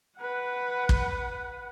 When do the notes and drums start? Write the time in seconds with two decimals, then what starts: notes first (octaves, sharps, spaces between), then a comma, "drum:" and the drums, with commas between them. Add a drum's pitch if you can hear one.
0.18 B4 F#5
0.89 drum: kick